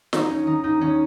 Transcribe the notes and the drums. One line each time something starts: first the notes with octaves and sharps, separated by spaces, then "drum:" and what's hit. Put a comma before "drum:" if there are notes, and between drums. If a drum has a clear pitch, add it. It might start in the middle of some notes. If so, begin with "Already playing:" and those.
D#3 D#4, drum: snare
D#2 C#4
D#3 D#4
D#2 D#4
D#3 C#4